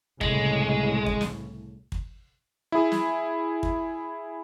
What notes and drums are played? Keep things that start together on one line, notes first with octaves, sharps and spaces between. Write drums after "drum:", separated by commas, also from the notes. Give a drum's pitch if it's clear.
C2 A2 C#3 G#3, drum: kick
drum: kick
drum: snare
drum: kick
E4 G#4
drum: snare
drum: kick